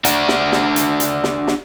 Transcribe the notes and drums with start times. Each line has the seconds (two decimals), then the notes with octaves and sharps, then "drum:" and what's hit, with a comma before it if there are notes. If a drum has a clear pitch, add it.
0.05 D4 F#4, drum: hi-hat
0.28 drum: snare
0.52 drum: snare
0.76 drum: hi-hat
1.00 drum: hi-hat
1.24 drum: snare
1.47 drum: snare